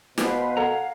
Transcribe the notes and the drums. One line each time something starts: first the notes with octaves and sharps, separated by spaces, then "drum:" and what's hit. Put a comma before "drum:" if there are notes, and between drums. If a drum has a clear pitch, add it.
B2 B4 C5 F5, drum: snare
A4 C#5 F5 F#5 A#5